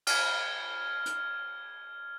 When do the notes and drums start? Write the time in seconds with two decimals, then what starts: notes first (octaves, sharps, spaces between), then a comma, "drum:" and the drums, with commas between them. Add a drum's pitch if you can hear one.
0.07 F6 G#6, drum: cymbal
1.06 drum: hi-hat